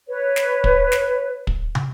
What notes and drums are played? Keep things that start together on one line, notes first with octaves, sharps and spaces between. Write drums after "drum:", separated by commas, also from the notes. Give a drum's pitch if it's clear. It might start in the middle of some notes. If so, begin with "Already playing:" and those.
B4 C#5
drum: snare
drum: kick
drum: snare
drum: kick
drum: tom